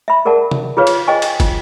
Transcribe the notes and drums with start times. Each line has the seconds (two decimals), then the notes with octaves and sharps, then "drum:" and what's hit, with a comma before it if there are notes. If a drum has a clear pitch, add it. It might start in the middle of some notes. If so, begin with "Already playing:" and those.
0.08 E5 B5
0.25 G#4 A#4 D5 F#5 A5
0.51 drum: tom
0.77 F4 G#4 B4 C#5 F5
0.87 drum: cymbal
1.07 G#4 C5 D#5 G5 G#5 C#6
1.22 drum: cymbal
1.40 F4, drum: kick, cymbal